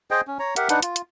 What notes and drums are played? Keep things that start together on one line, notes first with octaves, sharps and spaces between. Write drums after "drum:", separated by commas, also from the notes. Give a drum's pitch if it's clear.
G#4 C5 D#5 G5
C#4
C#5 A#5
G4 A#4 E5 F#5, drum: hi-hat
D4 D#4 B4 F#5, drum: hi-hat
F4, drum: hi-hat
drum: hi-hat